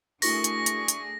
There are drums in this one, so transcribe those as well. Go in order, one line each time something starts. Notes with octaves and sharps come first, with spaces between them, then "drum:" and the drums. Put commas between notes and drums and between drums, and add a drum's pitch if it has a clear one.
A3 D4 E4 F#4 G#4 A#4 C#6 A#6, drum: open hi-hat
drum: hi-hat
drum: hi-hat
drum: hi-hat